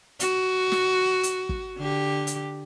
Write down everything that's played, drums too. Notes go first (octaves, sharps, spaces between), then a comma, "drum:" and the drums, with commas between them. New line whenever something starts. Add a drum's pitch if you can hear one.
F#4, drum: hi-hat
drum: snare
drum: hi-hat
drum: kick
D3 G4
drum: hi-hat